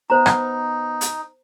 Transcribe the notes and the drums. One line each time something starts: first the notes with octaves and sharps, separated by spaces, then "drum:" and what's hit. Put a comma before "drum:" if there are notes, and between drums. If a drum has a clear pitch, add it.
B3 D#4 C5 A#5
drum: rim click
drum: hi-hat